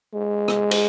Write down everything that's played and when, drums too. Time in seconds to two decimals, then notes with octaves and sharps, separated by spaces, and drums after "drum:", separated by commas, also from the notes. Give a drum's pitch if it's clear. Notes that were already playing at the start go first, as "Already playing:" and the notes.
0.13 G#3
0.48 drum: rim click
0.71 drum: cymbal